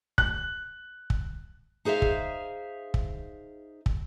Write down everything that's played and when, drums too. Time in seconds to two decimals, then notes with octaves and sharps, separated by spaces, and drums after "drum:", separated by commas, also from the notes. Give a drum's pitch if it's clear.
0.18 F#6, drum: kick
1.10 drum: kick
1.85 D#4 G#4 C5 E5 F5
2.02 drum: kick
2.94 drum: kick
3.86 drum: kick